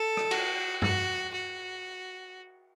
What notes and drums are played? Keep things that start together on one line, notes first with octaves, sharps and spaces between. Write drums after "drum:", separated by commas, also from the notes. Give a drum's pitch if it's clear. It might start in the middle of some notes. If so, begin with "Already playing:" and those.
Already playing: A4
drum: rim click
F#4, drum: cymbal
F#4, drum: tom G2
F#4